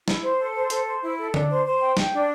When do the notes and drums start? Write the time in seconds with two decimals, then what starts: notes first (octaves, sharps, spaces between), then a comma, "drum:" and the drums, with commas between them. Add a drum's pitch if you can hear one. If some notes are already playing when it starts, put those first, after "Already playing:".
0.08 E4, drum: snare
0.23 C5
0.39 A4
0.55 C5
0.70 A4, drum: hi-hat
0.87 C5
1.03 E4
1.18 A4
1.34 D4, drum: tom D3
1.50 C5
1.65 C5
1.81 G5
1.97 G5, drum: snare
2.13 D4